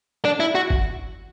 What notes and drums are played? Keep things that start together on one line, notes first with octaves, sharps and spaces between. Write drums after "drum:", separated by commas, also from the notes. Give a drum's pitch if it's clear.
D4
E4
F#4
drum: kick